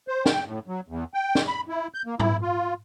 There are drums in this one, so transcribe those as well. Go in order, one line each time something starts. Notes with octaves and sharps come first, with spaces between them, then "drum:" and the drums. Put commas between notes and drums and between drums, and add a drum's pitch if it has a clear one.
C5
G5, drum: snare
A2
F#3
E2
G5
drum: snare
B5
E4
G6
A#3
E4, drum: tom G#2
F4